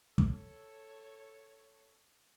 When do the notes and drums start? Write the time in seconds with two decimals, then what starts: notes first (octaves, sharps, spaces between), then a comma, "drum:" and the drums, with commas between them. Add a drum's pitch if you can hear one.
0.18 A4 C#5, drum: kick